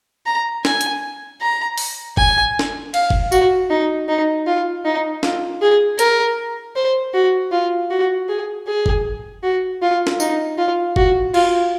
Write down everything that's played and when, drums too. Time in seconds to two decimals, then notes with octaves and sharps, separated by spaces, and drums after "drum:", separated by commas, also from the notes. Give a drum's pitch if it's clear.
0.26 A#5
0.65 G#5, drum: snare
0.81 drum: hi-hat
1.41 A#5
1.78 drum: open hi-hat
2.17 G#5, drum: kick F#1
2.59 drum: snare
2.94 F5, drum: cymbal
3.10 drum: kick F#1
3.32 F#4, drum: tambourine
3.70 D#4
4.08 D#4
4.47 F4
4.85 D#4
5.23 F4, drum: snare
5.62 G#4
5.99 A#4, drum: hi-hat
6.76 C5
7.14 F#4
7.52 F4
7.91 F#4
8.29 G#4
8.67 G#4
8.86 drum: kick F#1
9.43 F#4
9.82 F4
10.07 drum: snare
10.20 D#4, drum: tambourine
10.58 F4
10.96 F#4, drum: kick F#1
11.34 F4, drum: cymbal